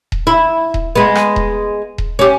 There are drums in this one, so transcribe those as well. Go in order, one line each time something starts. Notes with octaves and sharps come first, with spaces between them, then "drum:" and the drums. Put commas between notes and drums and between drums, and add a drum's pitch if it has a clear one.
drum: kick D#1
E4
drum: kick D#1
G#3 B3
drum: rim click
drum: kick D#1
drum: kick D#1
C#4 G4